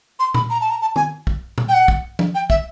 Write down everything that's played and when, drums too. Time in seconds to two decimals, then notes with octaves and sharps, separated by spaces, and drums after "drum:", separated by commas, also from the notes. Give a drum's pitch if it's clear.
0.19 C6
0.34 B5, drum: tom A#2
0.50 A#5
0.61 A5
0.70 A#5
0.81 A5
0.96 G#5, drum: tom
1.27 drum: kick
1.58 drum: tom A#2
1.69 G5
1.73 F#5
1.88 drum: kick
2.19 drum: tom F3
2.35 G5
2.50 E5, drum: kick